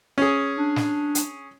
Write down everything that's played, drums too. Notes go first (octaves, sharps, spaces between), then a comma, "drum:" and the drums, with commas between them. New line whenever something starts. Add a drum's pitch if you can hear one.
C#4 G#4
D4
drum: snare
drum: hi-hat